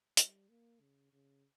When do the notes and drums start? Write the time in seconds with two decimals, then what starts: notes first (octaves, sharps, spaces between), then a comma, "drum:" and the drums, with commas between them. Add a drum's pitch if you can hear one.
0.17 G3, drum: hi-hat
0.49 A#3
0.81 C#3
1.13 C#3